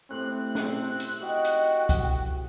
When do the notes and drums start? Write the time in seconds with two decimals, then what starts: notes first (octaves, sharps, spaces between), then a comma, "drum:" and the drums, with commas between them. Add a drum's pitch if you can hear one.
0.11 A2 C3 C4 F#6
0.55 drum: snare
1.00 drum: hi-hat
1.22 D#4 F#4 G5
1.45 drum: hi-hat
1.89 drum: kick C2, hi-hat